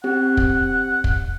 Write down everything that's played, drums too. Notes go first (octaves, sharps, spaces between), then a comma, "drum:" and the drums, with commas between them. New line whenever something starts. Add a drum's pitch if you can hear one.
C4 G4 F#5
drum: kick
drum: kick